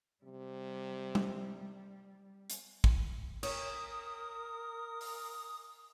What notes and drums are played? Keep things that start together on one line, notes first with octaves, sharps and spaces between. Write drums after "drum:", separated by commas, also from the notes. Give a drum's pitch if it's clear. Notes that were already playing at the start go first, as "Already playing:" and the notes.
C3 G3
drum: tom
drum: hi-hat
drum: kick
A#4 C#5 D#6, drum: cymbal
drum: open hi-hat